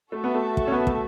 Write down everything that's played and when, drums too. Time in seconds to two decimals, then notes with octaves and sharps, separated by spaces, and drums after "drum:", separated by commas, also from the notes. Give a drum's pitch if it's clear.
0.12 A3 F#4 A4 E5 A5
0.24 B3
0.35 A3
0.57 drum: kick
0.67 C#4
0.72 B3
0.87 A3, drum: kick